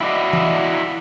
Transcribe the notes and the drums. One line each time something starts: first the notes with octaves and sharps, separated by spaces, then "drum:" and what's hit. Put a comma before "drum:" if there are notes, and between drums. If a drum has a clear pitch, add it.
E4 F#4 D5 D#5
drum: tom